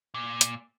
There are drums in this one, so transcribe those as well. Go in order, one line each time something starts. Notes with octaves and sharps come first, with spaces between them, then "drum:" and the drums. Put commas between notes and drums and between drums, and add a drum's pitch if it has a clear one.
A#2
drum: hi-hat